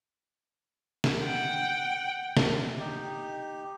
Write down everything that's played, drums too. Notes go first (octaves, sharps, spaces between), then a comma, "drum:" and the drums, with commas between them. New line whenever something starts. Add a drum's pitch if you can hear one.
drum: snare
F#5 G5
drum: snare
D#4 G4